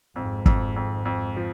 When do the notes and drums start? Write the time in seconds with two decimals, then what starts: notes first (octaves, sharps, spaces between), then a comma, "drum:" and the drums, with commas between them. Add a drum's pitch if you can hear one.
0.15 G#1 F2 G#2
0.46 F2, drum: kick
0.76 F2
1.05 F2
1.36 F3